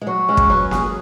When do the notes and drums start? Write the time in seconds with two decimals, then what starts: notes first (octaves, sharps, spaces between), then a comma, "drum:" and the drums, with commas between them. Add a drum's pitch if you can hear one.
0.01 G#3
0.07 F#3 F#4
0.28 G#3 C#4
0.37 drum: kick
0.50 F#3 B4
0.71 G#4, drum: snare A#3